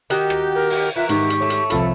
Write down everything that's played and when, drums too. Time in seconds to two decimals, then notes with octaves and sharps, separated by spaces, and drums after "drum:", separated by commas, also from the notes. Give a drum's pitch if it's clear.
0.10 D#3 F#4 G4 G5, drum: hi-hat
0.30 drum: rim click
0.55 A#4
0.70 drum: open hi-hat
0.96 E3 F4 A#4 E5 F#5
1.09 G#2 D#3 G4 C#6, drum: hi-hat
1.30 drum: hi-hat
1.41 A3 C#5
1.50 drum: hi-hat
1.70 C2 F3 A4 B5, drum: hi-hat